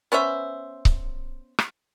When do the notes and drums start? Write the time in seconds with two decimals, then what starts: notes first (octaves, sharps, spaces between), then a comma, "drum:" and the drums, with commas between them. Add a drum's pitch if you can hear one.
0.12 B3 C#4 C5 E5
0.85 drum: kick C#1
1.59 drum: rim click